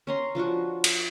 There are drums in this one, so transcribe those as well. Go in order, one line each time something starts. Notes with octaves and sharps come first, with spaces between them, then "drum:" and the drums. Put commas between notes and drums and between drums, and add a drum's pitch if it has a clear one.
C#4 A#5 C6
F3 D4 F4 F#4
drum: cymbal